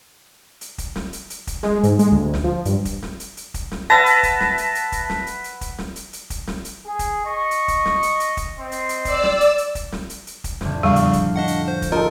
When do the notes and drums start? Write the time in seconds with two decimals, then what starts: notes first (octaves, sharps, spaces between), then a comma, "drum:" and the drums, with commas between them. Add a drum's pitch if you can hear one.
0.61 drum: hi-hat
0.78 drum: kick, hi-hat
0.96 drum: snare
1.13 drum: hi-hat
1.30 drum: hi-hat
1.47 drum: kick, hi-hat
1.63 G#3, drum: snare
1.83 G#2, drum: hi-hat
1.99 G#3, drum: hi-hat
2.12 D2
2.34 drum: snare
2.44 F3
2.65 G2, drum: hi-hat
2.85 drum: kick, hi-hat
3.03 drum: snare
3.20 drum: hi-hat
3.37 drum: hi-hat
3.54 drum: kick, hi-hat
3.71 drum: snare
3.90 B4 E5 F#5 A5 A6 A#6
4.06 drum: hi-hat
4.23 drum: kick, hi-hat
4.40 drum: snare
4.58 drum: hi-hat
4.75 drum: hi-hat
4.92 drum: kick, hi-hat
5.09 drum: snare
5.27 drum: hi-hat
5.44 drum: hi-hat
5.61 drum: kick, hi-hat
5.78 drum: snare
5.96 drum: hi-hat
6.13 drum: hi-hat
6.30 drum: kick, hi-hat
6.47 drum: snare
6.65 drum: hi-hat
6.86 G#4
6.99 drum: kick, hi-hat
7.25 D#5 C#6
7.51 drum: hi-hat
7.68 drum: kick, hi-hat
7.85 drum: snare
8.03 drum: hi-hat
8.20 drum: hi-hat
8.37 drum: kick, hi-hat
8.58 C4 D#5 C6
8.72 drum: hi-hat
8.89 drum: hi-hat
9.05 D5 E6, drum: kick, hi-hat
9.23 drum: snare
9.41 drum: hi-hat
9.58 drum: hi-hat
9.75 drum: kick, hi-hat
9.92 drum: snare
10.10 drum: hi-hat
10.27 drum: hi-hat
10.44 drum: kick, hi-hat
10.61 F2 A2 D3, drum: snare
10.83 E2 C#3 G3 F5 C#6
10.96 drum: hi-hat
11.13 drum: kick, hi-hat
11.36 D4 D#5 F#5
11.48 drum: hi-hat
11.68 C5
11.82 drum: kick, hi-hat
11.92 D#4 F4 A4 A#4